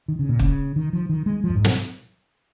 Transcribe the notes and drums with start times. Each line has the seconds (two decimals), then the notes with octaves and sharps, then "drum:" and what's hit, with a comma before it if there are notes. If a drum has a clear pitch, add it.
0.08 D#3
0.19 C#3
0.29 A#2
0.39 C#3, drum: kick
0.76 D#3
0.93 F3
1.09 D#3
1.26 G#3
1.44 F3
1.49 F2
1.55 G#2
1.64 drum: snare